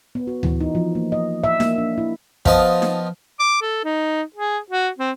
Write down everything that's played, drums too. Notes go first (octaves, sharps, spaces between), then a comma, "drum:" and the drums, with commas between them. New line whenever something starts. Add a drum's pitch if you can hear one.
B3
F#4
E3, drum: tom D2
D#4
F3
A#3
D#5
E5
A#3, drum: snare D#4
D4
E4
F3 B3 F4 D#5 A5 D#6, drum: kick
drum: snare D#4
D6
A4
D#4
G#4
F#4
C4